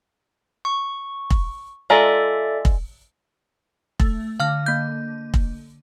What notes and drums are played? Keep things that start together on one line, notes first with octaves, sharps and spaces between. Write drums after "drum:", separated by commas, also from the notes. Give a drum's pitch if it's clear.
C#6
drum: kick
G#3 F4 A4 D5 E5 A#5
drum: kick
A3, drum: kick
D3 F5 F6
A#3 G6
drum: kick